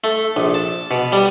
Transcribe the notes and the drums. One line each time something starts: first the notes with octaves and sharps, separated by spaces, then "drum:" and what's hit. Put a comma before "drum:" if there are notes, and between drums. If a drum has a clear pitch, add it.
A3
A#1
A5
B2
G3, drum: open hi-hat